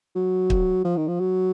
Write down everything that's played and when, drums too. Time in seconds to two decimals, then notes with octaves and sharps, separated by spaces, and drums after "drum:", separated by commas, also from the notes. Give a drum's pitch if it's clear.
0.15 F#3
0.50 drum: kick
0.84 F3
0.97 D#3
1.08 F3
1.20 F#3